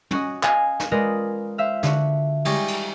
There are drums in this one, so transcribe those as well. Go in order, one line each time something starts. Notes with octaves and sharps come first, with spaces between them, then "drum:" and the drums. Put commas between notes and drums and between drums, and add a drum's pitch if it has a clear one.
C#4 F#4 D#5, drum: tom
D#5 F5 G#5, drum: clap
drum: snare
G#3 F4 A#4 B4 D5 D#5
C5 E5 F5
D3 F#4, drum: snare
G3 G#3 C#6 A#6, drum: cymbal
drum: cymbal